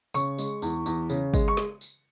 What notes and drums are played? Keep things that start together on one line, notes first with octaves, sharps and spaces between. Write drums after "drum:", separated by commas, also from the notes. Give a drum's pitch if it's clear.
C#3 C#6, drum: tambourine
G#3, drum: tambourine
E2, drum: tambourine
E2, drum: tambourine
C#3, drum: tambourine
G#3, drum: kick, tambourine
C#6
drum: snare
drum: tambourine